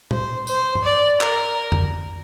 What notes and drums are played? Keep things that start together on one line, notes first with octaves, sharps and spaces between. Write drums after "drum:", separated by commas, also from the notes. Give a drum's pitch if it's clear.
C5, drum: tom
C5, drum: tambourine
drum: tom G2
D5
A#4, drum: clap
drum: tom F2